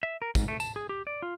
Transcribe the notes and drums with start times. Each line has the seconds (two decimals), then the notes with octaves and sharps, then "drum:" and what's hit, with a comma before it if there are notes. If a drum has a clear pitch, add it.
0.03 E5
0.22 A#4
0.35 G#2, drum: kick, tambourine
0.48 A3
0.60 A5, drum: tambourine
0.76 G#4
0.89 G4
1.07 D5
1.22 F4